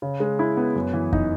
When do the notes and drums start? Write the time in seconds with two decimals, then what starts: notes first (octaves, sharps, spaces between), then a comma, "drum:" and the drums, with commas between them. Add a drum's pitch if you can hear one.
0.02 C#3
0.20 G#3
0.39 E4
0.57 B3
0.75 F#2
0.94 E3
1.13 D#4, drum: kick F2